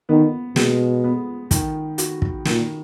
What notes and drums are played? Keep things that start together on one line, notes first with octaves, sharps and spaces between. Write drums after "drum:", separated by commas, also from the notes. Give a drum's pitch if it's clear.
D#3 B3
B2 G#3, drum: snare
B3
D#3, drum: kick, hi-hat
F#4, drum: hi-hat
drum: kick
A#2 D#3, drum: snare